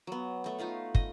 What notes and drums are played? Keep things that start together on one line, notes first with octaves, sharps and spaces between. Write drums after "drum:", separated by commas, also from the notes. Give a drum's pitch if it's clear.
F#3 B3
A3 C#6
D#4 F4 B4 F5
D#5, drum: kick